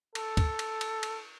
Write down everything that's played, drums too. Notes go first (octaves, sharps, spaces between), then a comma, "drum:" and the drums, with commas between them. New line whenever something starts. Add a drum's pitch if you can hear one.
A4, drum: cymbal
drum: kick, cymbal
drum: cymbal
drum: cymbal
drum: cymbal